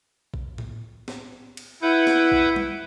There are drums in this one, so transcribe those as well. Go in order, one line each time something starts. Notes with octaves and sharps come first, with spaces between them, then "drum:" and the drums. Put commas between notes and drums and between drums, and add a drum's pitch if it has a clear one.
drum: kick A#1
drum: tom A2
drum: snare
drum: cymbal
E4 B4 F#5 G6
drum: snare
drum: kick A#1
drum: tom